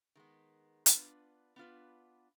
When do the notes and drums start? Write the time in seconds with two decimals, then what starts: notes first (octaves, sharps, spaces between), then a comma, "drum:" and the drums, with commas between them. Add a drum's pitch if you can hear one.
0.15 D#3 G#3 B3
0.86 B3 D4 F4 B4, drum: hi-hat
1.56 B3 D4 F4 B4